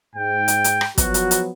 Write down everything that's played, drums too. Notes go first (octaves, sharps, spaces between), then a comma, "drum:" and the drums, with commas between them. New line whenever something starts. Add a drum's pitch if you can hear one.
G#2 G5
drum: hi-hat
drum: hi-hat
drum: rim click
F3 F#3 B3 F#4, drum: kick, hi-hat
drum: hi-hat
drum: hi-hat